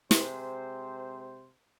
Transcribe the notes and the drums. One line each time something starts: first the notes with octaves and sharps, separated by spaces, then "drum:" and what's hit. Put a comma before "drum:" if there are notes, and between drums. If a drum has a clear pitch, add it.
C3 G#3 C5, drum: snare